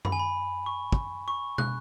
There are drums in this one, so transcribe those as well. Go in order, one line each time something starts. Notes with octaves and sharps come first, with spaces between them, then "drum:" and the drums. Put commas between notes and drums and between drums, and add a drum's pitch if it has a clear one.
B5, drum: tom F#2
G#5
B5
C#6
drum: kick
C#6
F#6, drum: tom